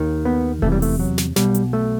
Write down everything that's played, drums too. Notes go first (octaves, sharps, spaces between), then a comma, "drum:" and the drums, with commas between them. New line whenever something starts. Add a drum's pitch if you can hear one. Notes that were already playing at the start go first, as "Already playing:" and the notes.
Already playing: D#2 D#3
B3
E2 C3 E3 A3, drum: kick E1
G3
A3, drum: open hi-hat
F#3
drum: snare
B1 B2 G3, drum: snare
drum: hi-hat
A3